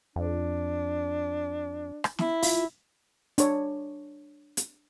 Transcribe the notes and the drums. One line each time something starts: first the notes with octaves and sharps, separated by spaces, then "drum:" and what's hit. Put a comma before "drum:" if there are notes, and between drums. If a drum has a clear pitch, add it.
F2 D4
drum: rim click
E4, drum: snare
F4, drum: open hi-hat
D4 C#5, drum: hi-hat
drum: hi-hat